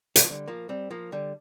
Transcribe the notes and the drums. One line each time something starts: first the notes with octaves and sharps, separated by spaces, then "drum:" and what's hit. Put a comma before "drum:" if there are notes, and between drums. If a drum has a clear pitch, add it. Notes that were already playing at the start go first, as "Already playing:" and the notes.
G3, drum: hi-hat
F3
D3 G3
F3 A#3
G3 C4
F3 A#3
D3 G3